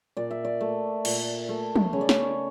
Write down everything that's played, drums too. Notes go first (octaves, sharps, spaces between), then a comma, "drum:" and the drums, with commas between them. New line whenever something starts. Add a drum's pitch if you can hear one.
A#2 D5
E5
D5
A3
A#2, drum: cymbal
A3
drum: tom
C#3 C#5
D5
C#5, drum: snare